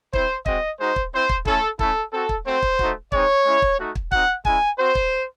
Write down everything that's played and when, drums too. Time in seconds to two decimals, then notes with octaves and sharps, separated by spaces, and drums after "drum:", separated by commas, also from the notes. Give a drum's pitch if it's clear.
0.13 C4 E4 C5, drum: kick
0.46 G#3 C4 F#4 D#5, drum: kick
0.79 G#3 D#4 F#4 C5
0.96 drum: kick
1.13 C4 E4 C5
1.29 drum: kick
1.45 A3 C#4 E4 A4, drum: kick
1.79 A3 C#4 E4 A4, drum: kick
2.12 C4 F#4 A4
2.29 drum: kick
2.46 A3 C4 F#4 C5
2.62 drum: kick
2.79 A3 D#4 F#4, drum: kick
3.12 G#3 C4 D#4 C#5, drum: kick
3.45 G#3 C#4 E4
3.62 drum: kick
3.79 A3 D#4 F#4
3.95 drum: kick
4.11 C4 D#4 F#4 F#5, drum: kick
4.45 G#3 C#4 E4 G#5, drum: kick
4.78 C4 F#4 C5
4.95 drum: kick